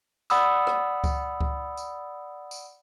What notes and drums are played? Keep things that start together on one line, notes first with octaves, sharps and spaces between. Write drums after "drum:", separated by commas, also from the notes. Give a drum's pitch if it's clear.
D5 F#5 B5 D#6 E6, drum: tambourine
drum: rim click
drum: kick C#2, tambourine
drum: kick C#2
drum: tambourine
drum: tambourine